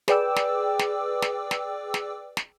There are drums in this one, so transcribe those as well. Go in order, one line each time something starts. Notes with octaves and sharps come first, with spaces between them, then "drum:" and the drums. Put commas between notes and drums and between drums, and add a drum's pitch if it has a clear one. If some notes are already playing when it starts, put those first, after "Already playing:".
G#4 B4 D5 G5 D6 E6, drum: snare
drum: snare
drum: snare
drum: snare
drum: snare
drum: snare
drum: snare